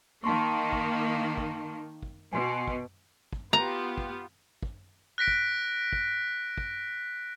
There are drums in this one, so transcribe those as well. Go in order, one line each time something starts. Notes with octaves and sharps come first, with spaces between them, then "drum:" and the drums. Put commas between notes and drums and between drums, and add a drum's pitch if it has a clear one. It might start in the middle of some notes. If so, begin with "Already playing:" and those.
D#3 A#3 A5 C6 C#6
drum: kick
drum: kick
drum: kick
B2 G#5 C6
drum: kick
drum: kick
B3 F4 G4 A#5
drum: kick
drum: kick
F#6 A#6 B6 D7
drum: kick
drum: kick
drum: kick